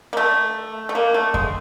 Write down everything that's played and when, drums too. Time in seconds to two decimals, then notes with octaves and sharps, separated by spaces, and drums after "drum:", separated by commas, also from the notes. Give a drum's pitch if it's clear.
0.13 A#3
0.17 A3
0.89 A3
0.95 A#3
1.14 A3
1.34 G#3, drum: kick F2